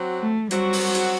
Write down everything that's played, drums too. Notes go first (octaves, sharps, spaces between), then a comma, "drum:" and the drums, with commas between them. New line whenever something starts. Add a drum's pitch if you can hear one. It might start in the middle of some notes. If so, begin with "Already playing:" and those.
Already playing: F#3 C4 F#4
A3
F#3 G3 C4 F#4, drum: hi-hat
drum: open hi-hat
drum: hi-hat